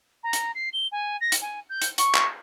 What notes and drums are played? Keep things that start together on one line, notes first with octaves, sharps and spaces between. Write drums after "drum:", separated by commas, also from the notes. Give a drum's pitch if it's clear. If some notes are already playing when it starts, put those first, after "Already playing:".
A#5
drum: hi-hat
C7
G7
G#5
A#6
drum: hi-hat
G#5
G6
drum: hi-hat
C#6, drum: hi-hat
drum: clap